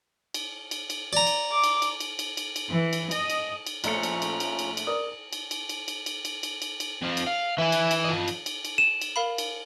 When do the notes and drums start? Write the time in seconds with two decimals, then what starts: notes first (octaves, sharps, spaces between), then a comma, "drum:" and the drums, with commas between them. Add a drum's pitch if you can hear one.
0.34 drum: cymbal
0.71 drum: cymbal
0.90 drum: cymbal
1.13 D5 A#5
1.27 drum: cymbal
1.52 D6
1.64 drum: cymbal
1.82 drum: cymbal
2.00 drum: cymbal
2.19 drum: cymbal
2.37 drum: cymbal
2.56 drum: cymbal
2.70 E3
2.93 drum: cymbal
3.11 D#5, drum: cymbal
3.30 drum: cymbal
3.66 drum: cymbal
3.84 A#1 F3 A3 C#4 A#5 C#7, drum: cymbal
4.03 drum: cymbal
4.22 drum: cymbal
4.40 drum: cymbal
4.59 drum: cymbal
4.77 drum: cymbal
4.87 A#4 D5 D#6
5.33 drum: cymbal
5.51 drum: cymbal
5.69 drum: cymbal
5.88 drum: cymbal
6.06 drum: cymbal
6.25 drum: cymbal
6.43 drum: cymbal
6.62 drum: cymbal
6.80 drum: cymbal
7.02 F2 F3
7.17 drum: cymbal
7.27 F5
7.58 E3 E4 E5 G#5
7.72 drum: cymbal
7.91 drum: cymbal
8.04 F3 D#5
8.28 drum: cymbal
8.46 drum: cymbal
8.65 drum: cymbal
8.78 D#7 E7
9.01 drum: cymbal
9.16 A#4 F5 B5
9.38 drum: cymbal